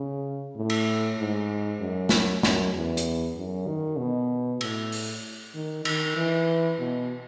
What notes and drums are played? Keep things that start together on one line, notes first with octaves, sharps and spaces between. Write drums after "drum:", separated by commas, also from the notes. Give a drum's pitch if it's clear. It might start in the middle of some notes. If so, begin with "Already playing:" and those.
Already playing: C#3
A2
drum: cymbal
G#2
F#2
drum: snare
F#2, drum: snare
E2
drum: hi-hat
F#2
D#3
B2
A2, drum: cymbal
drum: open hi-hat
D#3
D#3, drum: cymbal
E3
B2